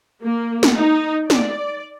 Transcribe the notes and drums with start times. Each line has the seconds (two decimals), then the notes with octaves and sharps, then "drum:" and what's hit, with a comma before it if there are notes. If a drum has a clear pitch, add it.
0.23 A#3
0.63 drum: snare
0.78 D#4
1.30 D5, drum: snare